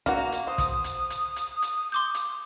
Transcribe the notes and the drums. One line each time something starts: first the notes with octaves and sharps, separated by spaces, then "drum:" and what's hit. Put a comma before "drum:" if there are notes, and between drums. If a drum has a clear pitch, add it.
A#3 F#4, drum: snare
drum: hi-hat
C5 D#6
drum: kick, hi-hat
drum: hi-hat
drum: hi-hat
drum: hi-hat
drum: hi-hat
C6 D6 G6
drum: hi-hat